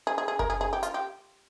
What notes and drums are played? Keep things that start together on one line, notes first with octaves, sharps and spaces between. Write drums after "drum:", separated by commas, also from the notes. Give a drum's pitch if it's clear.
G#4
G#4
G#4
A#4, drum: kick F#1
G#4
G#4
G4
F4, drum: hi-hat
G4